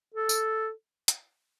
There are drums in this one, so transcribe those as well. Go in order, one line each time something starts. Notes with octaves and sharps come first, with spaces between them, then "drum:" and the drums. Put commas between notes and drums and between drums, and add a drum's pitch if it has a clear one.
A4
drum: tambourine
drum: hi-hat